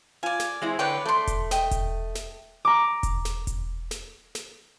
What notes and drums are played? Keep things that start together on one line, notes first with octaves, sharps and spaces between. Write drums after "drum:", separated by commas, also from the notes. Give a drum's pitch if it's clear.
F4 D5 G#5
drum: snare
G#3 C4 E4
D3 B4 C#5 D5 G5
A3 D5 C6
drum: kick E1, hi-hat
D#5 G5, drum: snare
drum: kick E1, hi-hat
drum: snare
A#5 D6
drum: kick E1, hi-hat
drum: snare
drum: kick E1, hi-hat
drum: snare
drum: snare